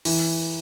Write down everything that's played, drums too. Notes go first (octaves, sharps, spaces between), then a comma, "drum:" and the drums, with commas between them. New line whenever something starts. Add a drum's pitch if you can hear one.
E3, drum: open hi-hat